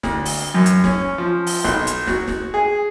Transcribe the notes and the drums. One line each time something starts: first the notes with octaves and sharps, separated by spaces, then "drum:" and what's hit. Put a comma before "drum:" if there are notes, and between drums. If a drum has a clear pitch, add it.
D2, drum: snare
drum: open hi-hat
F#2
drum: hi-hat
C#4, drum: snare
F3
drum: open hi-hat
B1, drum: snare
drum: hi-hat
F#4, drum: snare
drum: snare
G#4